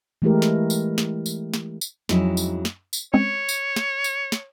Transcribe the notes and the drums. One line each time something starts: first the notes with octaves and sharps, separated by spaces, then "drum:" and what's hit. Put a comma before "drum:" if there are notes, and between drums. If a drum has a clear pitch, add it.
E3 G#3 A3 E4 G4 A#4
drum: snare
drum: tambourine
drum: snare
drum: tambourine
drum: snare
drum: tambourine
F2 F#3 G#3 C#4 D#4 E4, drum: snare
drum: tambourine
drum: snare
drum: tambourine
G#3 C4 C#4 C#5
drum: tambourine
drum: snare
drum: tambourine
drum: snare